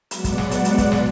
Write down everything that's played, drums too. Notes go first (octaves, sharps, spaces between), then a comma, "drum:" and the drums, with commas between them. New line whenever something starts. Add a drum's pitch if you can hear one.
F#3 G#3 B3 D5 F#5, drum: hi-hat
drum: kick, hi-hat
drum: snare
drum: hi-hat
drum: hi-hat
drum: kick, hi-hat
drum: snare